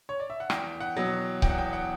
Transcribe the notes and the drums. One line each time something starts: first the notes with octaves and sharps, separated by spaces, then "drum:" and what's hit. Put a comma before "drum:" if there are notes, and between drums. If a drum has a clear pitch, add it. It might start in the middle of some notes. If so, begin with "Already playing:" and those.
C#5
D5
E5
F#5
E2 G5, drum: rim click
F#5
B2 F#3
E2 G5, drum: kick C#1
F#5
G5
F#5